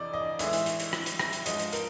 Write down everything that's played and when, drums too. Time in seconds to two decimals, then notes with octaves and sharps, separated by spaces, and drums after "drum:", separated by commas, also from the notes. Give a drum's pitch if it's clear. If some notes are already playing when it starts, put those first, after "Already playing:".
Already playing: F2 C3 E3 D5 D#5
0.14 D#5
0.39 A2 E3 G#3 E5, drum: hi-hat
0.53 drum: hi-hat
0.66 drum: hi-hat
0.80 drum: hi-hat
0.93 drum: rim click
1.06 drum: hi-hat
1.19 drum: rim click
1.33 drum: hi-hat
1.46 G#2 F3 G#3 D#5, drum: hi-hat
1.59 drum: hi-hat
1.73 A#4, drum: hi-hat